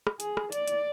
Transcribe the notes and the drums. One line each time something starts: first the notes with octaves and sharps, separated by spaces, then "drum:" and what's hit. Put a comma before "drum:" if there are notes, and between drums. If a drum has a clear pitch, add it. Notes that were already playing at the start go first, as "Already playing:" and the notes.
drum: rim click
G#4, drum: hi-hat
drum: rim click
D5, drum: hi-hat
drum: hi-hat